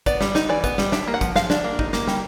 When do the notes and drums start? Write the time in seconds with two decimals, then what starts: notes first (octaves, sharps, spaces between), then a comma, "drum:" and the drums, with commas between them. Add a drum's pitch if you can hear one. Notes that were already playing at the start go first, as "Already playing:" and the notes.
0.06 B3 D5, drum: kick, hi-hat
0.21 G3, drum: snare
0.35 D#4, drum: snare
0.49 E3 D5
0.64 B3, drum: kick, hi-hat
0.78 G3, drum: snare
0.92 D4 E5, drum: snare
1.08 A#3
1.14 F#5
1.21 F3, drum: kick, hi-hat
1.36 F3 F5, drum: snare
1.50 D4, drum: snare
1.64 A#3
1.79 D#4, drum: kick
1.93 A#3, drum: snare
2.07 G3, drum: snare